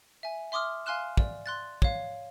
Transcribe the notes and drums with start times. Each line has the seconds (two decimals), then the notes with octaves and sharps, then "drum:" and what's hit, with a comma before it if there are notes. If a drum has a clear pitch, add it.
0.23 E5 G#5
0.52 E5 C6 D6 D#6 F6
0.86 F5 G#5 C6 F6 F#6 E7
1.17 D5, drum: kick
1.46 C6 F#6 A6
1.82 C#5 F5, drum: kick